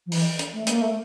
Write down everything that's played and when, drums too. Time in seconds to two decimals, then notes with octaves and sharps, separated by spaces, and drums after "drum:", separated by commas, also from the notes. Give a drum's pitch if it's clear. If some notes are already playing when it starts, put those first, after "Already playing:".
0.06 F3
0.12 E3, drum: open hi-hat
0.39 drum: hi-hat
0.53 A3
0.67 A#3, drum: hi-hat
0.81 A3